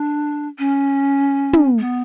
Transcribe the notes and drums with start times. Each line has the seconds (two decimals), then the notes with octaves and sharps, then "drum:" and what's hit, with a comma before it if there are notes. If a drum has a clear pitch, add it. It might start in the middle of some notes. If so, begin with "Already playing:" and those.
Already playing: D4
0.59 C#4
1.53 drum: tom
1.79 B3